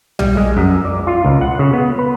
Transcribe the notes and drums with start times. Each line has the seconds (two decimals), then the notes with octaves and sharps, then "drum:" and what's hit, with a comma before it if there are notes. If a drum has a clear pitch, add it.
0.19 G3, drum: tom B1
0.37 G#3
0.57 F#2
0.85 D5
1.07 F4
1.25 C#2
1.41 F#5
1.59 C#3
1.73 B3
1.99 B4